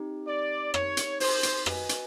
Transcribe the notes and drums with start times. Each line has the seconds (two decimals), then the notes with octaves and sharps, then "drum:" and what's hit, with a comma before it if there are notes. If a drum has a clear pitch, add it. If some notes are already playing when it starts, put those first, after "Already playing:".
Already playing: C4 D#4 G4
0.28 D5
0.74 C#5, drum: rim click
0.97 drum: hi-hat
1.20 C5, drum: open hi-hat
1.43 drum: hi-hat
1.66 F#4 B4 D#5 G#5, drum: rim click
1.89 drum: hi-hat